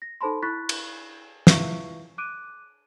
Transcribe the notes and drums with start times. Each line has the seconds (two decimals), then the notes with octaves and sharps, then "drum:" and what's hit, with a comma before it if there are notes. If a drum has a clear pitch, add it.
0.02 A#6
0.21 D#4 A4 C5 A5 B5 C6
0.42 E4 B5 C#6 F#6 A6 B6
0.69 drum: cymbal
1.47 E4 F4 B4 E5 F5 C#6, drum: snare
2.18 D6 F#6 D7 D#7